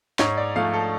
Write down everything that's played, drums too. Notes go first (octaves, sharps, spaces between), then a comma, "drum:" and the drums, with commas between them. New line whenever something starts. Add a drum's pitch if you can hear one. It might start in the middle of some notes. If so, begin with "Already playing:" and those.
G#2 C#5, drum: snare
D5
F3 A3 F5
A4